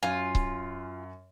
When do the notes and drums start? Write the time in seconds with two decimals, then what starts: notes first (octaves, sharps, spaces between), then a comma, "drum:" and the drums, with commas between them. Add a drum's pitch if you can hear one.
0.03 F#2 F4 G#5
0.35 drum: kick C#1